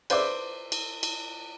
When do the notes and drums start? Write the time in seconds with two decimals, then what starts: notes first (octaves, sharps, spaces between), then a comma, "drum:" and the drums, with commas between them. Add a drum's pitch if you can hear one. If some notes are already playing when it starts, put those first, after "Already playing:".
0.10 B4 C5 D5 E5 D6, drum: cymbal
0.72 drum: cymbal
1.03 drum: cymbal